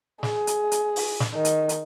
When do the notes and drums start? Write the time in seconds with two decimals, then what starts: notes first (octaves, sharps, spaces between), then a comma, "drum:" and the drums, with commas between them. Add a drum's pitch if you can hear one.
0.23 G#4, drum: snare
0.47 drum: hi-hat
0.72 drum: hi-hat
0.96 drum: open hi-hat
1.20 drum: snare
1.35 D#3
1.45 drum: hi-hat
1.69 drum: hi-hat